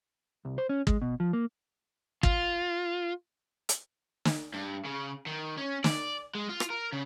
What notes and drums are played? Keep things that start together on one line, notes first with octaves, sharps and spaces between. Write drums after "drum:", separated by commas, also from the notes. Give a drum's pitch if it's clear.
C2
C5
C#4
G#3, drum: kick
B2
F3
A#3
F4, drum: kick
drum: hi-hat
drum: snare
G2
C#3
D#3
C#4
D5, drum: snare
G#3
F4
drum: rim click
A#4
C#3